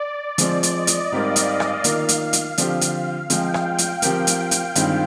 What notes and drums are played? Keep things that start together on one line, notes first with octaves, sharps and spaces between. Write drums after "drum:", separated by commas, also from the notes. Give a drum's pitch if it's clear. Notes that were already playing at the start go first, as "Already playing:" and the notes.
Already playing: D5
F3 G#3 C4 D5, drum: hi-hat
drum: hi-hat
D#5
drum: hi-hat
G#2 G3 C4 G4 A#4 F5
drum: hi-hat
drum: rim click
D#3 A#3 F4 A#4, drum: hi-hat
drum: hi-hat
drum: hi-hat
D3 F3 C4 G4, drum: hi-hat
drum: hi-hat
F3 G#3 C4 G5, drum: hi-hat
drum: rim click
drum: hi-hat
F3 C4 G4 A#4, drum: hi-hat
drum: hi-hat
drum: hi-hat
G2 D#3 G#3 C4 F4, drum: hi-hat